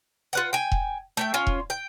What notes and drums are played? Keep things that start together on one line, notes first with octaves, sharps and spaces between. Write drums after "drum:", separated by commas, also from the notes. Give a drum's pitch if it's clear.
F4 B4 F#5
G5 G#5
drum: kick E1
A3 E5 G5
C#4 F4
drum: kick E1
G5